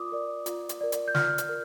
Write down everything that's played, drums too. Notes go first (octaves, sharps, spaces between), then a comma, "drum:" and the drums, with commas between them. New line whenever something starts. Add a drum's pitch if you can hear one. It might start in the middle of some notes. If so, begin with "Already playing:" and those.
Already playing: F4 A#4 D5 D6 D#6
A#4 D5
F4, drum: hi-hat
drum: hi-hat
A#4 D5
drum: hi-hat
G6
F4 F6, drum: snare
drum: hi-hat
A#4